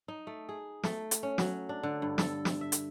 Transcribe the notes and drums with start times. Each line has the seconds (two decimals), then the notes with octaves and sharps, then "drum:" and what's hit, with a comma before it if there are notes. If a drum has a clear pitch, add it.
0.08 D#4
0.27 A3
0.49 G#4
0.83 A3, drum: snare
1.11 drum: hi-hat
1.23 C#4
1.38 F#3, drum: snare
1.69 D4
1.83 D3
2.02 G2
2.18 A4, drum: snare
2.45 drum: snare
2.61 E5
2.72 drum: hi-hat